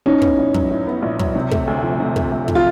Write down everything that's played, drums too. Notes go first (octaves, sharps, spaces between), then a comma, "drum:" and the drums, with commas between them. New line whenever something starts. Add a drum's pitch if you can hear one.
A2 C#4 D#4
B3, drum: kick
A#1
F#3, drum: kick
A2
B3
A#1
F#3, drum: kick
C3
A3, drum: kick
D2
F3
C3
A3, drum: kick
D2
F3, drum: kick
F4